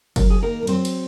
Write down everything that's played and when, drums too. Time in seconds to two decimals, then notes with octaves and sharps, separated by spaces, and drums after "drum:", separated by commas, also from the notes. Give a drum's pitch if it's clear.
0.16 F#3 A#4, drum: kick F#1, cymbal
0.30 G#4
0.42 D#3 A#3 A#4
0.63 A#4
0.67 F#3 C4 C5, drum: cymbal
0.85 drum: cymbal